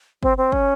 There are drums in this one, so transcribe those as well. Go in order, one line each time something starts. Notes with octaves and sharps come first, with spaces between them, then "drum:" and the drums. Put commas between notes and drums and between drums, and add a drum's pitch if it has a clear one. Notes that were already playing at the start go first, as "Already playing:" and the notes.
C4, drum: kick
C4
C#4, drum: kick